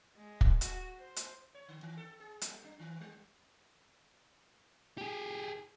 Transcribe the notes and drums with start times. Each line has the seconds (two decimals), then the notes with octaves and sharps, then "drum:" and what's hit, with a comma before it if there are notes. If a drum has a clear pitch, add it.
0.17 G#3
0.41 drum: kick
0.61 F#4, drum: hi-hat
0.99 C5
1.16 drum: hi-hat
1.54 C#5
1.68 D3
1.83 D#3
1.97 A4
2.20 G#4
2.41 G3, drum: hi-hat
2.64 D4
2.80 D#3
3.01 G3
4.98 G4 G#4